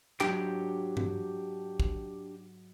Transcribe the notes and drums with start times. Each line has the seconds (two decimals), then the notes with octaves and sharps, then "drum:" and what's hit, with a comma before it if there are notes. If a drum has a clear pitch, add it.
0.20 G#2 F#3 D4 G4 G5, drum: clap
0.97 drum: tom G2
1.80 drum: kick